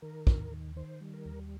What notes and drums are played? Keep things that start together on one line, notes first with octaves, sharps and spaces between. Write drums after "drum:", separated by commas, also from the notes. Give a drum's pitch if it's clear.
D#3 A#4
D#2, drum: kick
D#3
D#3 C5
G3
A#4
D#2